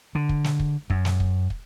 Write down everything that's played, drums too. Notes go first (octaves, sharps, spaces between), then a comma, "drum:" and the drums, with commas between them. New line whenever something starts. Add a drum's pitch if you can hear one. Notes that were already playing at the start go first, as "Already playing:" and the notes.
D3
drum: kick
drum: snare
drum: kick
F#2, drum: kick
drum: snare
drum: kick
drum: kick